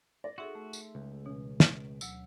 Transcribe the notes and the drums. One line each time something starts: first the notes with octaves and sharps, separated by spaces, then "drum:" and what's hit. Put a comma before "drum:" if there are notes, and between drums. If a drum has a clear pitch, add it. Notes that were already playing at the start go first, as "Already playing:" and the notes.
D5 A#6
D#4 F#4 G#4 A4 E5 C6 E6
A3
drum: tambourine
C#2
B2 E3 C#4
drum: snare
D2 F#3 E6, drum: tambourine